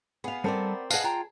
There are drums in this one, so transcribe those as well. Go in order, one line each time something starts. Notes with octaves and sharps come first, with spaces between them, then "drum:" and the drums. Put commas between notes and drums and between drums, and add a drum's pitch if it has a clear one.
B3 G#4 F5
G3 C4 A4 A#4 D5 A5
G#4 B4 D#5 F5 F#5 A5, drum: tambourine
F4 G5 A#5